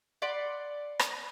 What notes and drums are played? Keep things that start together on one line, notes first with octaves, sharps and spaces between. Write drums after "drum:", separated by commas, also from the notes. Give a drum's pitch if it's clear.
D5 F#5 B5 C6
drum: rim click